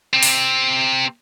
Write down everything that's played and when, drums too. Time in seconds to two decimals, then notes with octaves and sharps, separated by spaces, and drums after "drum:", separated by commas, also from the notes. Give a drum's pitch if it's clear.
0.13 C3 C4
0.23 drum: open hi-hat